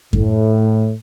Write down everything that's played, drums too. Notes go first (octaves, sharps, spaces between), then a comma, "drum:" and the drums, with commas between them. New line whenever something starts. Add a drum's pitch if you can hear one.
A2, drum: kick F#2